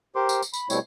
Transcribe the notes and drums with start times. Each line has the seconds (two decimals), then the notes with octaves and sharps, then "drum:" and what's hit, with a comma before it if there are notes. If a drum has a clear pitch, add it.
0.16 G4 A#4 C5 C6 D6
0.29 drum: tambourine
0.43 drum: tambourine
0.54 B5, drum: tambourine
0.70 B2 G3 A3 C4 E4 C#5, drum: tambourine